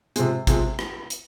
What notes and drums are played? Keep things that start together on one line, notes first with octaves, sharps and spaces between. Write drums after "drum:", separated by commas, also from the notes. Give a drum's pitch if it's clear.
C3 F3 G#3, drum: hi-hat
C3 F3 G#3, drum: kick G#1, hi-hat
drum: rim click
drum: hi-hat